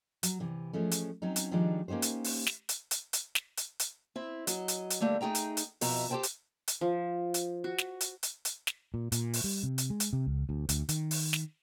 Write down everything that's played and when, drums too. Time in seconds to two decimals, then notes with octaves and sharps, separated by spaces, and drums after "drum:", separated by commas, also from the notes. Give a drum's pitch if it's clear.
0.23 F#3, drum: hi-hat
0.40 C3 E3
0.73 F3 G#3 A3 C#4
0.91 drum: hi-hat
1.22 F#3 C4 C#4 D#4
1.36 drum: hi-hat
1.51 D#3 F3 G3 G#3 D4 D#4
1.88 A#3 C#4 D#4 G4 C5
2.02 drum: hi-hat
2.24 drum: open hi-hat
2.47 drum: snare
2.69 drum: hi-hat
2.91 drum: hi-hat
3.13 drum: hi-hat
3.35 drum: snare
3.57 drum: hi-hat
3.79 drum: hi-hat
4.16 C4 E4
4.47 F#3 D#5, drum: hi-hat
4.68 drum: hi-hat
4.90 drum: hi-hat
5.00 D3 G3 A3 A#3
5.21 A3 D#4 G#4 G5 A#5
5.35 drum: hi-hat
5.57 drum: hi-hat
5.81 F2 B2 E5 A#5, drum: open hi-hat
6.10 G4 A4 B4 C5 G5 A5
6.23 drum: hi-hat
6.68 drum: hi-hat
6.81 F3
7.34 drum: hi-hat
7.64 F#4
7.78 drum: snare
8.01 drum: hi-hat
8.23 drum: hi-hat
8.45 drum: hi-hat
8.67 drum: snare
8.94 A#2
9.12 A#2, drum: hi-hat
9.33 drum: open hi-hat
9.44 G3
9.63 C3
9.78 drum: hi-hat
9.90 G#3
10.00 drum: hi-hat
10.13 C3
10.26 C#2
10.49 D2
10.69 D2, drum: hi-hat
10.89 D#3, drum: hi-hat
11.11 drum: open hi-hat
11.33 drum: snare